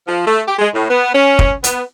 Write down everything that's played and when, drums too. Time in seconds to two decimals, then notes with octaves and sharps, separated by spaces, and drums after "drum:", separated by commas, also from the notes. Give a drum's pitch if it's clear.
0.07 F3
0.27 A3
0.47 G4
0.59 G#3
0.74 A2
0.89 B3
1.14 C#4
1.39 drum: kick
1.64 B3, drum: hi-hat